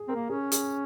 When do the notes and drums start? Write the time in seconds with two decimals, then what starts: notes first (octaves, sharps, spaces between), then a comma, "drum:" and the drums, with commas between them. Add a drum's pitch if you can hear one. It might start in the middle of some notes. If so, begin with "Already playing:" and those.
Already playing: G#4
0.08 C4 A#4
0.15 A#3
0.29 C#4 G#4
0.52 G#4, drum: hi-hat